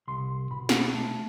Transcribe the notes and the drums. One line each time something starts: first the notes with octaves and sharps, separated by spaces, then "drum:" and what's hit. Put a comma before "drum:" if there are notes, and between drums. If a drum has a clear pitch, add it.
C2 C6
B2 B5
drum: snare
A3 A5